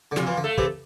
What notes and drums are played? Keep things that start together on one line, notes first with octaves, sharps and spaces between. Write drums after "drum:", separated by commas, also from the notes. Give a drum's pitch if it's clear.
D3
C3 F3 F4, drum: snare
E3
D3
A3 A4
C3 E3, drum: kick